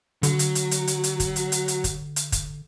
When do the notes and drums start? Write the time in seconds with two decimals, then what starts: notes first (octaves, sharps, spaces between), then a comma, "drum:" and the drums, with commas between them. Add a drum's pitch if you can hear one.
0.23 D3 F#3, drum: hi-hat
0.39 drum: hi-hat
0.55 drum: hi-hat
0.71 drum: hi-hat
0.87 drum: hi-hat
1.04 drum: hi-hat
1.20 drum: kick, hi-hat
1.36 drum: hi-hat
1.52 drum: hi-hat
1.68 drum: hi-hat
1.84 drum: kick, hi-hat
2.16 drum: hi-hat
2.32 drum: kick, hi-hat